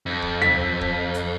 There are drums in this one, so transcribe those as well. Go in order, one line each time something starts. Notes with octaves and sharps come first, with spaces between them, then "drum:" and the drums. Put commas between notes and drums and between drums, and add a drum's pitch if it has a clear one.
F2
drum: kick
B6, drum: tom D#2
drum: kick
drum: hi-hat